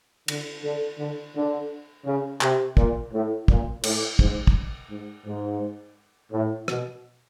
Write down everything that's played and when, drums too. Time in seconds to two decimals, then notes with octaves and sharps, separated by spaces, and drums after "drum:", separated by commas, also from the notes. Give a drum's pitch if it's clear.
0.28 D3, drum: cymbal
0.63 D3
0.99 D3
1.35 D3
2.06 C#3
2.41 C3, drum: clap
2.77 A#2, drum: kick
3.13 A2
3.48 A#2, drum: kick
3.84 A2, drum: cymbal
4.19 G#2, drum: kick
4.47 drum: kick
4.90 G#2
5.26 G#2
6.32 A2
6.68 B2, drum: rim click